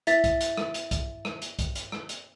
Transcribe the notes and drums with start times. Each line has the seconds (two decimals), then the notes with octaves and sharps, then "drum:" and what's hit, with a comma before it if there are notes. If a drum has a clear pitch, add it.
0.07 E4 E5 A6 B6, drum: hi-hat
0.24 drum: kick, hi-hat
0.41 drum: hi-hat
0.57 drum: rim click
0.74 drum: hi-hat
0.91 drum: kick, hi-hat
1.25 drum: rim click
1.42 drum: hi-hat
1.59 drum: kick, hi-hat
1.75 drum: hi-hat
1.92 drum: rim click
2.09 drum: hi-hat